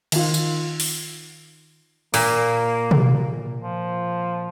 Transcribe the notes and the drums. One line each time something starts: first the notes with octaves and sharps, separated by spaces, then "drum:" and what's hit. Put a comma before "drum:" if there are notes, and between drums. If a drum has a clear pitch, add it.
D#3 F4, drum: cymbal
drum: tambourine
drum: open hi-hat
A#2 A#3, drum: open hi-hat
drum: tom
F3